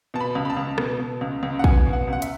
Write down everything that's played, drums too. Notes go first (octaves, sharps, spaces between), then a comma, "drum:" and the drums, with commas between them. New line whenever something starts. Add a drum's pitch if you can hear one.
B2 A5
B5
C#2
B5
A5
C#2
B2, drum: rim click
B2
C#2
C#2
F#5
B2 G#5, drum: kick
B2
F#5
C#2
F#5
E5, drum: hi-hat